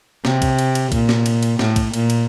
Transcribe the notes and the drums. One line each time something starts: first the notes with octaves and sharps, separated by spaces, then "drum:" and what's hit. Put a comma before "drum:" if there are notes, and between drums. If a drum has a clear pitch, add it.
C3, drum: snare
drum: kick B1, cymbal
drum: cymbal
drum: cymbal
A#2, drum: kick B1, cymbal
drum: snare
drum: cymbal
drum: cymbal
A2, drum: snare
drum: kick B1, cymbal
A#2, drum: cymbal
drum: cymbal